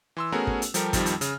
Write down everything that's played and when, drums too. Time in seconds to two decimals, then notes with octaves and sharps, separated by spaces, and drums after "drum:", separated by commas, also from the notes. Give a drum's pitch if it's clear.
0.17 E3 C6 E6
0.32 A3 B3 C#4 F#4 G#4 A#4
0.47 drum: kick
0.62 drum: hi-hat
0.74 F3 G3 G4 A4 A#4, drum: hi-hat
0.93 F2 D#3 F3 G3, drum: kick, hi-hat
1.06 drum: hi-hat
1.21 C#3 F6, drum: hi-hat